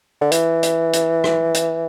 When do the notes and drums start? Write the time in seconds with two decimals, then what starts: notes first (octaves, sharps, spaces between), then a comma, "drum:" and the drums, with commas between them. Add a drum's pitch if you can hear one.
0.21 D3
0.32 E3, drum: hi-hat
0.63 drum: hi-hat
0.93 drum: hi-hat
1.24 drum: rim click
1.54 drum: hi-hat